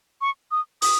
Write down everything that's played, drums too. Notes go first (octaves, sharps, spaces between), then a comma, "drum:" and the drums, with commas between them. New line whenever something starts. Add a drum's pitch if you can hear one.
C#6
D#6
D#6, drum: open hi-hat